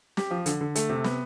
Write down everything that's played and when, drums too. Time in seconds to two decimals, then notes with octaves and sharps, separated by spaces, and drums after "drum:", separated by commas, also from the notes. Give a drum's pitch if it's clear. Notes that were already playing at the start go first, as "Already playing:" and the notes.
0.17 G4, drum: snare
0.31 F3
0.46 D3, drum: hi-hat
0.61 D3
0.75 A3, drum: hi-hat
0.89 C3
1.04 B3, drum: snare